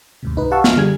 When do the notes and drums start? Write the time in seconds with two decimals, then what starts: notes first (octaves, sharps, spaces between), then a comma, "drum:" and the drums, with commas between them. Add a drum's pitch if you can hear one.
0.23 D#2 G#2 C3
0.36 C2 D#4 B4
0.51 G4 F5 F#5 A5 C#6 E6
0.64 F6, drum: snare
0.76 D3 G3 G#4 G#6